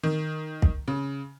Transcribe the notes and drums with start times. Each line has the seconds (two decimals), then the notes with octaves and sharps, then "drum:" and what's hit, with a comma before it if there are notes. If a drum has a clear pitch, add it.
0.03 D#3
0.62 drum: kick
0.88 C#3